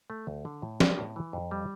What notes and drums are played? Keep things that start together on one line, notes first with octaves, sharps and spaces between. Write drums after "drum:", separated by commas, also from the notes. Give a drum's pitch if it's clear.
A3
D2
D3
A2
G3, drum: snare
A2
E3
F2
G3